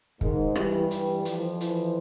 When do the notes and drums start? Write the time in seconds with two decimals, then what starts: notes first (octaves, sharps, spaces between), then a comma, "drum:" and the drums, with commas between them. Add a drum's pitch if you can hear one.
0.21 G#2 D#3 G#3, drum: kick
0.55 G2 E3 G3, drum: rim click
0.91 E3, drum: hi-hat
1.25 F2 F3, drum: hi-hat
1.61 E3, drum: hi-hat